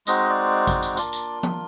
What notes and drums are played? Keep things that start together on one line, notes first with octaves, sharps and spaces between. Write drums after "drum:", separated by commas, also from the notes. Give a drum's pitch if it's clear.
G#3 C4 D#4 F#4 D#5, drum: tambourine
D5
drum: kick A1, tambourine
drum: tambourine
A#3 D4 F4 D5, drum: tambourine
drum: tambourine
drum: tom F3